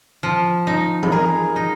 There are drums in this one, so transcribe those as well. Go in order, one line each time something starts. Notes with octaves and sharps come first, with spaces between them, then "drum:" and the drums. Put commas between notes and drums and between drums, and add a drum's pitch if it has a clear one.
F3
D#4
B5, drum: tom E3
G#4 A#4 A#5
D#4